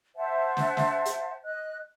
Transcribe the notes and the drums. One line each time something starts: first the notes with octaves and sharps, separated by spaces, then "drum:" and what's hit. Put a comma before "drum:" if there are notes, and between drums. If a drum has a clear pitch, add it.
C5 E5 F#5 A5
drum: snare
drum: snare
drum: hi-hat
D#5 F#6